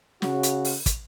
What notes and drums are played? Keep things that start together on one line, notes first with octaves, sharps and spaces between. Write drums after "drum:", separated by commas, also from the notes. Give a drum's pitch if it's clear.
C#3 F#4, drum: snare
drum: hi-hat
drum: open hi-hat
drum: kick, hi-hat